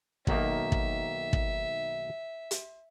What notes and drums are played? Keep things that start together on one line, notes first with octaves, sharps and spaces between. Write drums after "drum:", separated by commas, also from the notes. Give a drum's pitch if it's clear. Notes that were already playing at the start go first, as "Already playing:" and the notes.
B1 D#3 A#3 E5, drum: kick
drum: kick
drum: kick
drum: hi-hat